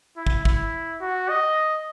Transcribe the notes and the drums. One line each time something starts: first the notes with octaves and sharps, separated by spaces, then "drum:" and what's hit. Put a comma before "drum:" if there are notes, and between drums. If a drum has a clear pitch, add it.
E4
drum: kick
E4, drum: kick
F#4
D#5